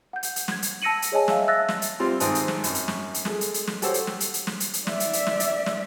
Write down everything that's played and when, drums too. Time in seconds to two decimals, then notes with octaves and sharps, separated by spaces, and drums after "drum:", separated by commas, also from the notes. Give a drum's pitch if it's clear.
0.13 F#5 G6
0.23 drum: hi-hat
0.36 drum: hi-hat
0.48 F#5 G#6, drum: snare
0.62 drum: hi-hat
0.82 A5 E6 A#6 C#7 D#7 F#7
1.02 drum: hi-hat
1.12 G#4 C#5 D#5 G#5 A5
1.28 E5 F5 A5 E6, drum: snare
1.48 E5 E6 F#6 A6 A#6
1.69 drum: snare
1.82 drum: hi-hat
2.00 G3 C4 F4 C6
2.20 G#1 G#2 C4 A5 D#6, drum: hi-hat
2.35 drum: hi-hat
2.48 drum: snare
2.64 F#2 C#6, drum: hi-hat
2.75 drum: hi-hat
2.88 drum: snare
3.14 drum: hi-hat
3.25 G#3 A4, drum: snare
3.41 drum: hi-hat
3.54 drum: hi-hat
3.67 drum: snare
3.82 F#4 G4 A4 C5 C#5 E6, drum: hi-hat
3.94 drum: hi-hat
4.07 drum: snare
4.20 drum: hi-hat
4.34 drum: hi-hat
4.47 drum: snare
4.60 drum: hi-hat
4.73 drum: hi-hat
4.87 D5 E5, drum: snare
5.00 drum: hi-hat
5.13 drum: hi-hat
5.27 drum: snare
5.40 drum: hi-hat
5.66 drum: snare